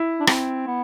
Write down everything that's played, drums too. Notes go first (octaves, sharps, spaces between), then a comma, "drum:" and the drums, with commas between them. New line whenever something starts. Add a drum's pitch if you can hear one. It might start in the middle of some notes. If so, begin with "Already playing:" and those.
Already playing: E4
D4
C4, drum: rim click
B3